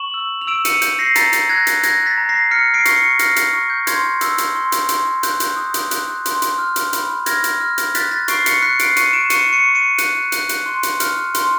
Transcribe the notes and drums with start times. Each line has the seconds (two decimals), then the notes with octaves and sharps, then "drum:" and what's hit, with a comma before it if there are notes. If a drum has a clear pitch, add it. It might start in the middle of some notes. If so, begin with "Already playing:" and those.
Already playing: C#6 E7 F#7
0.14 E6
0.42 F7
0.47 E6 D7 E7
0.65 C#7 D#7, drum: hi-hat
0.82 G6, drum: hi-hat
0.99 A#6 C7
1.15 A#5 A6 B6, drum: hi-hat
1.33 drum: hi-hat
1.49 F#6 G#6 A#6
1.67 drum: hi-hat
1.83 F#6 G#6 A#6, drum: hi-hat
2.06 A6 B6
2.18 A#5
2.29 A#6 C7
2.51 F6 B6 C#7
2.74 C7 D7
2.85 C#6, drum: hi-hat
2.96 B6 C#7
3.19 F6 A#6 C7, drum: hi-hat
3.36 drum: hi-hat
3.54 C#6
3.70 G6
3.87 C6 G#6, drum: hi-hat
4.21 E6, drum: hi-hat
4.38 drum: hi-hat
4.56 C6
4.72 drum: hi-hat
4.89 C6, drum: hi-hat
5.23 F#6 G6, drum: hi-hat
5.40 drum: hi-hat
5.56 D#6
5.74 drum: hi-hat
5.91 F#6, drum: hi-hat
6.26 C6, drum: hi-hat
6.42 drum: hi-hat
6.58 F6
6.76 drum: hi-hat
6.93 B5, drum: hi-hat
7.26 F6 G#6 A#6, drum: hi-hat
7.44 drum: hi-hat
7.60 F6
7.78 drum: hi-hat
7.95 F#6 A6 B6, drum: hi-hat
8.11 A6 B6
8.28 C#6 C7 D7, drum: hi-hat
8.46 B6 C#7, drum: hi-hat
8.62 F#6 B6 C#7
8.79 C7 D7, drum: hi-hat
8.97 C#6 C#7 D#7, drum: hi-hat
9.13 D7 E7
9.30 C#6 C#7 D#7, drum: hi-hat
9.53 C#7 D#7
9.64 C#6
9.75 C#7 D#7
9.98 F#6, drum: hi-hat
10.32 F#6, drum: hi-hat
10.49 drum: hi-hat
10.66 C6
10.83 drum: hi-hat
11.00 F6, drum: hi-hat
11.35 C6, drum: hi-hat